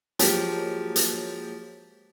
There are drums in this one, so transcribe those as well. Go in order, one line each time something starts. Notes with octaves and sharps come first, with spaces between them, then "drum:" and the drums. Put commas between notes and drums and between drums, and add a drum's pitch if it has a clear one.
F3 F#3 G#3 A#3 G4, drum: hi-hat
drum: hi-hat